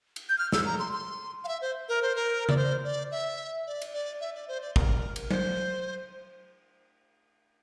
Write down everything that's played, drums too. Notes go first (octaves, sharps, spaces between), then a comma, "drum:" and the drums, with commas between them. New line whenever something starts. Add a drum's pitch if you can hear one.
drum: cymbal
G6
F6
E6, drum: snare
A#5
C6
C6
F5
E5
C5
A#4
C5
A#4
D5, drum: tom C#3
C5
D5
E5
D5
drum: cymbal
D5
E5
D5
C5
D5
A#4, drum: kick
drum: cymbal
C5, drum: tom F#3